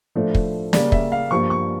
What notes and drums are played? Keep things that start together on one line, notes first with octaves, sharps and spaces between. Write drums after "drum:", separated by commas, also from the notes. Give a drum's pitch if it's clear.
A2 F3 A3 D4
drum: kick
C#3 G3 A#3 D5, drum: snare
E5, drum: kick
F5
G2 F3 A#3 C#6
C#6